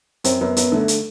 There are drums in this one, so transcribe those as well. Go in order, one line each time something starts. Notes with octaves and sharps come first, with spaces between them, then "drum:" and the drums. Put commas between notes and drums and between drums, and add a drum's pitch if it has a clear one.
F#2 C4, drum: hi-hat
F#2 B3
F#2 B3, drum: hi-hat
D3 A3
drum: hi-hat